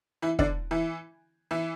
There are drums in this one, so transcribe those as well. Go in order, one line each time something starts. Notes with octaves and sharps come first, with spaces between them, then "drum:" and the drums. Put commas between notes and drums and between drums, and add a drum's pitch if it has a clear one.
E3 E4
D3 D4, drum: kick
E3 E4
E3 E4